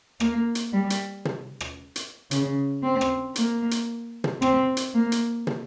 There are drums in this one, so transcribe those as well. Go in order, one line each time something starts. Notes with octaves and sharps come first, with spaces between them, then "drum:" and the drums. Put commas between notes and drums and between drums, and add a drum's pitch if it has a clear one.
A#3, drum: rim click
drum: hi-hat
G3
drum: hi-hat
drum: tom
drum: rim click
drum: hi-hat
C#3, drum: hi-hat
C4
drum: rim click
A#3, drum: hi-hat
drum: hi-hat
drum: tom
C4, drum: rim click
drum: hi-hat
A#3
drum: hi-hat
drum: tom